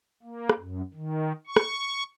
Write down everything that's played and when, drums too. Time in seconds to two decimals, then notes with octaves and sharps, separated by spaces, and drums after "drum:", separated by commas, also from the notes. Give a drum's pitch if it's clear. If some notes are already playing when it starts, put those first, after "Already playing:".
0.23 A#3
0.50 drum: rim click
0.59 F#2
0.94 D#3
1.47 C#6
1.57 drum: rim click